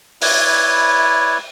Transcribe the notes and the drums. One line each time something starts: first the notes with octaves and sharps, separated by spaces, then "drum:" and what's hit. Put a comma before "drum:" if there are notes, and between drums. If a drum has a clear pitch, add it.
E4 B4 C#5 D5, drum: open hi-hat